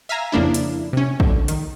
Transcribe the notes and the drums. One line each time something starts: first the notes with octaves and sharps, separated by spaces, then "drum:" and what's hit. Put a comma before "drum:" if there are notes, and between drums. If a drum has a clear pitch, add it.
E5 F5 G#5 A#5
F2 C#3 A#3 D4 E4
drum: hi-hat
C3 C#4
D3, drum: kick
D#3, drum: hi-hat